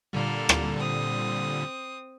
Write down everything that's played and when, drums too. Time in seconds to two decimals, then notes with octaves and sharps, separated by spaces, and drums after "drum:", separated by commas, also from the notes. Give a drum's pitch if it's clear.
0.13 A#2 D3 G3 A#3 A4
0.49 drum: rim click
0.79 C4 D#6